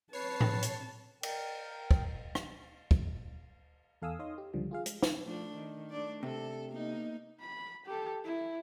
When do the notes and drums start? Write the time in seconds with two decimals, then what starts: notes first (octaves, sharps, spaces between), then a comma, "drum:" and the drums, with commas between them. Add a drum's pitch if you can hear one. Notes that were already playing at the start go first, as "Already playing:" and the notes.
0.13 C4 B4 C#5 A5 C7
0.40 drum: tom A2
0.62 drum: hi-hat
1.23 A#4 G5, drum: cymbal
1.91 drum: kick
2.35 drum: rim click
2.91 drum: kick
4.02 E2 A4 F5 G#5 D#6 E6
4.19 D#4 C#5 D#5 F5 C6 D#6
4.38 G4
4.53 C#2 D3 F3 G3
4.71 F4 G#4 F5
4.86 G#3, drum: hi-hat
5.03 drum: snare
5.23 F3 A3 D4
5.54 D#3
5.90 A3 D4 D5
6.23 C3 A4
6.69 A#3 B3 D#4
7.40 B5
7.86 G4 A4
8.24 E4